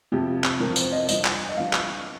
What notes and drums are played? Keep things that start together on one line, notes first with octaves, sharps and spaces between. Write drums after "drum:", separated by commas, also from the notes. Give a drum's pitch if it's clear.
F2 C3 F3 G4
drum: clap
F2 C3 F3 A#4
C5, drum: tambourine
D#5
G2 F3 D#5, drum: tambourine
drum: clap
D#5
G2 F3 F5
drum: clap